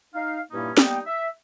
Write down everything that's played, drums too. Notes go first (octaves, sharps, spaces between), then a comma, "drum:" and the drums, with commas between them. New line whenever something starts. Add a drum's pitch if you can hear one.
D#4 F5
G2 A#2 A#3 C#4 D#4 E4
G3 A#3 B3 D#4 G5, drum: snare
E5